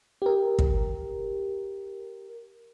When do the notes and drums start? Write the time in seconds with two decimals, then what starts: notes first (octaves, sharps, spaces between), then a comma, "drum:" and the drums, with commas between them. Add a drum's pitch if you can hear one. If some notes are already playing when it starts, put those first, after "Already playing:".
0.22 G4 A#4
0.59 drum: kick